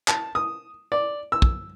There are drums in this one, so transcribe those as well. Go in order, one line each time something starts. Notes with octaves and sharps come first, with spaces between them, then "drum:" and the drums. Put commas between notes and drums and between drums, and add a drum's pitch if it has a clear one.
A5, drum: clap
D#6
D5
E6
drum: kick